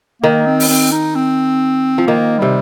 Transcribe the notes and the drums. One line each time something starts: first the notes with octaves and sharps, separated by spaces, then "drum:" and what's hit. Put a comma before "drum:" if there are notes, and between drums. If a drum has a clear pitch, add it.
D#3 A#3
C4
drum: open hi-hat
C4
D#4
C4
F3
D#3 A#3
C3 G3